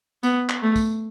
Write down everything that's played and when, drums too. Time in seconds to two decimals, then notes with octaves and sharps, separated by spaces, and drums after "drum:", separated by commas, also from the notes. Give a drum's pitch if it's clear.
0.23 B3, drum: tambourine
0.49 drum: clap
0.62 A3
0.76 drum: kick, tambourine